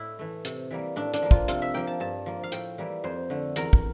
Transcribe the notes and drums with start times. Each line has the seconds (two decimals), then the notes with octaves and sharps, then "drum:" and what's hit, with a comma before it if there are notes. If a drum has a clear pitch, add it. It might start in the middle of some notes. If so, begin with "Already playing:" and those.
Already playing: A2 E4
0.19 E3 A3
0.45 C3, drum: hi-hat
0.71 E3 G3 A#3
0.96 A2 D4
1.14 D4, drum: hi-hat
1.22 F3 A#3
1.31 F4, drum: kick
1.48 C3 F4, drum: hi-hat
1.62 E5
1.74 F3 A#3 G5
1.87 A5
2.00 G2 A5
2.26 F3 A#3
2.43 F5
2.52 A2 G5, drum: hi-hat
2.78 E3 G3 A#3
3.04 F2 C5
3.30 D3 A3
3.56 E2 A#4, drum: hi-hat
3.73 drum: kick